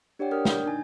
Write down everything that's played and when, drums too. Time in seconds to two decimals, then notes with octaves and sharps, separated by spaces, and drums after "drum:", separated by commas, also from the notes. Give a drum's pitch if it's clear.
0.19 D4 G4 C#5 D5 F#5 G5
0.31 D4 A#4 D5 G5 D#6 F6
0.45 G6, drum: snare
0.65 D4 D#4 G#5